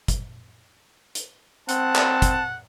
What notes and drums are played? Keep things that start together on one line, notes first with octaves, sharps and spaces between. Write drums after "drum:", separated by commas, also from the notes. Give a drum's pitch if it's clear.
drum: kick, hi-hat
drum: hi-hat
C4 F#5 A5, drum: hi-hat
drum: clap
drum: kick, hi-hat